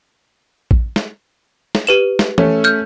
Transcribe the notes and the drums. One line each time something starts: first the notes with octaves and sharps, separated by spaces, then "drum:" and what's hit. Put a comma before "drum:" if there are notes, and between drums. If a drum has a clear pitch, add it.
drum: kick A1
drum: snare
drum: snare
G4 B4 E7
drum: snare
A3 C#4 A4, drum: tom E3
F6 G6